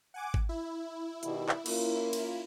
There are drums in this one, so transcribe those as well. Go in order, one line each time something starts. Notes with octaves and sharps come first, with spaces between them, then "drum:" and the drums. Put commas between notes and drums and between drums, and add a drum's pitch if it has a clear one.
F#5 G#5 D6
drum: kick G#1
E4
B2 D#3 G3, drum: hi-hat
drum: clap
A#3 C#4 F4, drum: cymbal
drum: cymbal